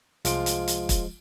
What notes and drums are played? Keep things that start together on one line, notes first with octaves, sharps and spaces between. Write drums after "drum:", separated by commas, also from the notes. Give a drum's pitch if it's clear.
C2 F3 G#3 F4 D7, drum: hi-hat
drum: hi-hat
drum: hi-hat
drum: kick, hi-hat